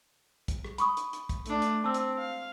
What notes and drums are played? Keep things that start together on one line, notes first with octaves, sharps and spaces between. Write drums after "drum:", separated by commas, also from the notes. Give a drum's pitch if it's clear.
drum: kick, hi-hat
drum: rim click
B5 C#6 D#6, drum: hi-hat
drum: hi-hat
drum: hi-hat
drum: kick, hi-hat
A3 D4, drum: hi-hat
drum: hi-hat
C4 A5 E6
drum: hi-hat
F5